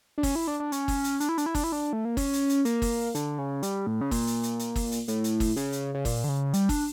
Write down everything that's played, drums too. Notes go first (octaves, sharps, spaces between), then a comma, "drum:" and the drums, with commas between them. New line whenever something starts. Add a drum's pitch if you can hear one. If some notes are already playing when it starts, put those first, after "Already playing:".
D4
C#4, drum: kick, open hi-hat
E4
D4
D4
C#4, drum: hi-hat
drum: kick, open hi-hat
drum: hi-hat
D4, drum: hi-hat
E4
D4, drum: hi-hat
E4
D4, drum: kick, open hi-hat
E4
D4
A3
A#3
C#4, drum: kick, open hi-hat
drum: hi-hat
drum: hi-hat
A#3, drum: hi-hat
drum: kick, open hi-hat
D3, drum: hi-hat
C#3
G3, drum: hi-hat
A2
C#3
A#2, drum: kick, open hi-hat
drum: hi-hat
drum: hi-hat
drum: hi-hat
drum: kick, open hi-hat
drum: hi-hat
A2, drum: hi-hat
drum: hi-hat
drum: kick, open hi-hat
C#3, drum: hi-hat
drum: hi-hat
C#3
A#2, drum: kick, open hi-hat
D3
C#3
G3, drum: hi-hat
D4, drum: kick, open hi-hat